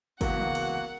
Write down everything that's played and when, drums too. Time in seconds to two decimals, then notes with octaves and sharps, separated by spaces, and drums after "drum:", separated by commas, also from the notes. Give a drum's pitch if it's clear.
0.21 E1 C#2 E3 A#3 F#4 A#4 F#5, drum: kick, cymbal
0.38 drum: tom
0.55 drum: cymbal